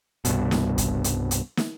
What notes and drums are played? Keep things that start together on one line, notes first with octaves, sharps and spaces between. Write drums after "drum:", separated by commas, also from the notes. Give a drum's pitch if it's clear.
C2 G2 B2, drum: hi-hat
drum: snare
drum: kick, hi-hat
drum: hi-hat
drum: hi-hat
drum: snare